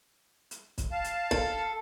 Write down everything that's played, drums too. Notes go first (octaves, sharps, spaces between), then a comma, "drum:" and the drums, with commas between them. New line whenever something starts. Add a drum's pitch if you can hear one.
drum: hi-hat
drum: kick, hi-hat
F5 A5
drum: hi-hat
A4, drum: kick